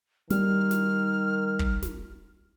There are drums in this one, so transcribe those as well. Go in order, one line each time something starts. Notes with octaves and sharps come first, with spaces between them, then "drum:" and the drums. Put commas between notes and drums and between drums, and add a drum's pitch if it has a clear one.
D#3 G3 F6, drum: snare
drum: snare
drum: kick
drum: snare